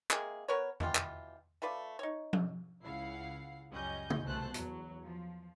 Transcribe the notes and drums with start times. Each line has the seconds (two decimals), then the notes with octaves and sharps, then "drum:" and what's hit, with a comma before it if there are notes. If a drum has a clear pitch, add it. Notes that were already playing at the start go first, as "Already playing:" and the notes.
0.11 C3 G#3 A#3 G#4, drum: clap
0.48 B3 A#4 B4 C#5
0.80 B2 E3 F4 G4, drum: tom E2
0.95 drum: clap
1.62 A3 F4 B4 D5
1.99 D#4 C#5
2.33 drum: tom F3
2.83 C#2 C#3 E4 F5 F#5 C7
3.71 C#2 F#2 G3 C#4 D#5 G6
4.10 drum: tom C#3
4.25 C2 B2 A3 C5 A5 F#6
4.54 E2 F#3, drum: hi-hat
5.04 F3